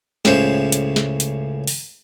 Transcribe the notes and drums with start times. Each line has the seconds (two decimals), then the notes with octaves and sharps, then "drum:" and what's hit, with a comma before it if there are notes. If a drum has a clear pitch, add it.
0.25 C#2 A2 C#3 C5, drum: snare
0.72 drum: hi-hat
0.96 drum: snare
1.20 drum: hi-hat
1.67 drum: open hi-hat